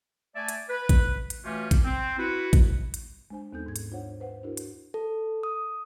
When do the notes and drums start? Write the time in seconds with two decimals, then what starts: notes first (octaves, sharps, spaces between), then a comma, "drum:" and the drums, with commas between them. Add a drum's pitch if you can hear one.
0.35 A3 D5 E5 G#5 A5
0.49 drum: hi-hat
0.69 B4
0.89 drum: kick A1, hi-hat
1.30 drum: hi-hat
1.44 B2 E3 A3 C#4 F4 G4
1.71 drum: kick A1, hi-hat
1.84 C4
2.18 E4 F#4 B4
2.53 drum: kick A1, hi-hat
2.94 drum: hi-hat
3.30 G#3 D4 C5 G#5
3.53 D#2 B3 C4 D#4 A4 G6
3.66 G#2 G#6
3.76 drum: hi-hat
3.91 D4 F4 C5 C#5 F#5
4.20 B4 C5 F#5
4.43 D4 E4 F#4 A#4
4.57 drum: hi-hat
4.94 A4
5.43 D#6